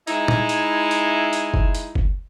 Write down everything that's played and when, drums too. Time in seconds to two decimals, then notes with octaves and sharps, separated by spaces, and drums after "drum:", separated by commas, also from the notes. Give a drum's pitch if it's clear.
0.07 G#3 D#4 E4, drum: hi-hat
0.28 drum: tom A#2
0.49 drum: hi-hat
0.91 drum: hi-hat
1.33 drum: hi-hat
1.54 drum: kick F#1
1.75 drum: hi-hat
1.95 drum: kick F#1